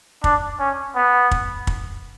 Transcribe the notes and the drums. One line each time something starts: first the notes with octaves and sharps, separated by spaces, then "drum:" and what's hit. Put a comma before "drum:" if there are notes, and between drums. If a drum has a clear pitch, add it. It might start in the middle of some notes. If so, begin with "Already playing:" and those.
D4, drum: kick
C#4
B3
drum: kick
drum: kick